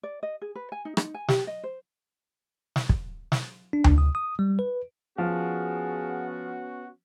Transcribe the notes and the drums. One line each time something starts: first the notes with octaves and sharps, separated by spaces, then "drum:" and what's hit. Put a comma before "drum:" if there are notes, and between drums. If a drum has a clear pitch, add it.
D5
D#5
G#4
B4
G#5
D#4
D#4, drum: rim click
G#5
G4, drum: snare
D#5
C5
drum: snare
drum: kick
drum: snare
D4
drum: tom D2
D#6
D#6
G3
B4
F3 B3 C#4 F#4 G#4